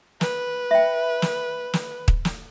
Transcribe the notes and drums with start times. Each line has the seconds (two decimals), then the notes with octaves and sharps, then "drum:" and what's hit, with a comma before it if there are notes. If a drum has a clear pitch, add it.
0.21 B4, drum: snare
0.71 E5 G5
1.22 drum: snare
1.73 drum: snare
2.08 drum: kick
2.25 drum: snare